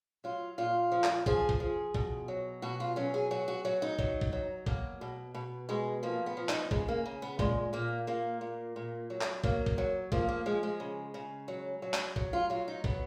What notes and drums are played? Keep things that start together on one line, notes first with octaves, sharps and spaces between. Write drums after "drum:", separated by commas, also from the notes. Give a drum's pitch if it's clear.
F#3 F4
A#2 F4
F3
drum: clap
F3 G#4, drum: kick
drum: kick
F3
B2, drum: kick
F#3
B2 F#4
F4
F#3 C#4
G#4
F#3 F#4
F#4
F#3 F#4
D#4
F#3, drum: kick
drum: kick
F#3
B2 A#3, drum: kick
B2
B2
B2 G#3
F3 A#3
B3
F3
D#4, drum: clap
C#3 G#3, drum: kick
A#3
C#3
B3
A#2 G#3, drum: kick
A#2 A#3
A#2 A#3
A#2
A#2
F#3
drum: clap
F#3 A#3, drum: kick
drum: kick
F#3
F3 A#3, drum: kick
A#3
F3 G#3
G#3
C#3
C#3
F#3
F#3
drum: clap
F#3, drum: kick
F4
F#3 F4
D#4
F#3 B3, drum: kick